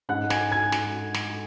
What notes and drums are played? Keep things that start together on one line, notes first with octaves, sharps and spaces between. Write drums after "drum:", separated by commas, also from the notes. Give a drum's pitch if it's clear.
G#2 G#3 C#4 F#5 F#6
G#5 G#6, drum: snare
G#5 G#6
drum: snare
drum: snare